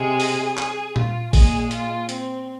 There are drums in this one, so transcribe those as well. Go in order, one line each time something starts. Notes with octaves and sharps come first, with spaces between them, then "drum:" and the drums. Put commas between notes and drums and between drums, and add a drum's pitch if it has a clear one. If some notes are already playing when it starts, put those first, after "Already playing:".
Already playing: C3 G#3 G#4
drum: open hi-hat
G#4, drum: clap
F4, drum: tom A#2
A#2 G#3 G#4, drum: kick G#1, open hi-hat
F4, drum: hi-hat
C4, drum: hi-hat